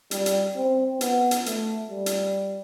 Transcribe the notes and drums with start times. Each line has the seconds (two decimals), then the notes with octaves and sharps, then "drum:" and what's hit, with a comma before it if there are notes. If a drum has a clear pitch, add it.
0.11 G3, drum: hi-hat
0.26 drum: hi-hat
0.56 C4
1.01 B3, drum: hi-hat
1.31 drum: hi-hat
1.46 A3, drum: hi-hat
1.91 G3
2.06 drum: hi-hat